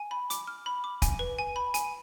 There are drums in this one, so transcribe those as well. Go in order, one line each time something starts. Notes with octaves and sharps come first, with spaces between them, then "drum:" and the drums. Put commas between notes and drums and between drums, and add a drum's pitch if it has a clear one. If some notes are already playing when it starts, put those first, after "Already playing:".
Already playing: G#5
B5
D6, drum: hi-hat
F6
B5
D6
G#5, drum: kick, hi-hat
B4
G#5
B5
G#5, drum: hi-hat